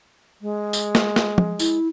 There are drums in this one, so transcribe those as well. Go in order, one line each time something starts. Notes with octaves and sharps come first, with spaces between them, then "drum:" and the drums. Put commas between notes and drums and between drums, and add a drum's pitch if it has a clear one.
G#3
drum: tambourine
drum: snare
drum: snare
drum: tom
E4, drum: tambourine